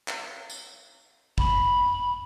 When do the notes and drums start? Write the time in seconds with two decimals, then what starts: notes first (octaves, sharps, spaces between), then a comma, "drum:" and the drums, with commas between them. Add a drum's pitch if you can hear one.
0.08 drum: clap
0.50 drum: tambourine
1.38 B5, drum: kick G1